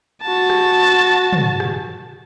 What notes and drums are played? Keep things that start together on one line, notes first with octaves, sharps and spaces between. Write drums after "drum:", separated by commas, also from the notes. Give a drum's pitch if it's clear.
F#4 A5
drum: rim click
drum: tom
drum: rim click